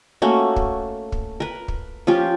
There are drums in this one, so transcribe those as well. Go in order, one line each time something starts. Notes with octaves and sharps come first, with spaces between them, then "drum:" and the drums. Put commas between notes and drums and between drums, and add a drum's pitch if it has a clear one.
A3 A#3 C#4 F#4
drum: kick
drum: kick
A#4 B4
drum: kick
F3 C#4 F4 G4